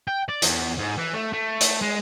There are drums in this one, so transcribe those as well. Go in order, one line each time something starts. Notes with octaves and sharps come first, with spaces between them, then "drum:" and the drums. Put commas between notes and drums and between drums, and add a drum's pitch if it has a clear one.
G5
D5
E2, drum: hi-hat
G#2
E3
A3
A3
drum: hi-hat
G#3